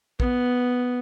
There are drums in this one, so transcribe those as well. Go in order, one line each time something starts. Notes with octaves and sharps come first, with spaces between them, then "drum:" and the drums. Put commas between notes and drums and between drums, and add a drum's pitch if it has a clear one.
B3, drum: kick A#1